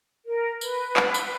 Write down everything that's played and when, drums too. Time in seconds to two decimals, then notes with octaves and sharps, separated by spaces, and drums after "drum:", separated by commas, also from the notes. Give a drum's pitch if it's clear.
0.26 A#4
0.61 B4, drum: tambourine
0.97 drum: clap
1.14 drum: tambourine